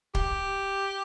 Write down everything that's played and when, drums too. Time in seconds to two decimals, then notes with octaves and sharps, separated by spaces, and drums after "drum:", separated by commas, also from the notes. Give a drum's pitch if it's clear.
0.15 G4, drum: kick